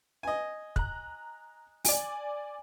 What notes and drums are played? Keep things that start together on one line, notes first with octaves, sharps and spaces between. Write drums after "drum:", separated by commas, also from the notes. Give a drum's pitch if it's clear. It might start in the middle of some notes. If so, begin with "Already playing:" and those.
D#5 G#5
A#5 F#6, drum: kick
D5 G#5, drum: open hi-hat